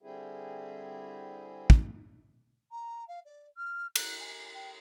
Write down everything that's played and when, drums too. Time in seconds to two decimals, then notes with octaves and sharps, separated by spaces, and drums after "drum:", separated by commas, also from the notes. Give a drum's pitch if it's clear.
0.02 D3 G3 C4 E4 G#4
1.70 drum: kick
2.71 A#5
3.08 F5
3.25 D5
3.57 F6
3.96 F#6, drum: cymbal
4.20 G#5
4.54 G5